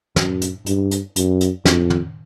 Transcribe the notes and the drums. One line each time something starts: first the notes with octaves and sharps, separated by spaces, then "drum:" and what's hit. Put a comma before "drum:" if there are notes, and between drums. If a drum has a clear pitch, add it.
F#2, drum: snare
drum: hi-hat
G2, drum: hi-hat
drum: hi-hat
F#2, drum: hi-hat
drum: hi-hat
F2, drum: snare
drum: tom